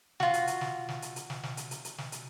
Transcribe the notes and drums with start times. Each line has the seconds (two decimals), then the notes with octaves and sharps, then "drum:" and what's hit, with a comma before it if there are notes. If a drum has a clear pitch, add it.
0.20 F4 F#4, drum: snare
0.34 drum: hi-hat
0.47 drum: hi-hat
0.61 drum: snare
0.89 drum: snare
1.02 drum: hi-hat
1.16 drum: hi-hat
1.30 drum: snare
1.43 drum: snare
1.57 drum: hi-hat
1.71 drum: hi-hat
1.85 drum: hi-hat
1.98 drum: snare
2.12 drum: hi-hat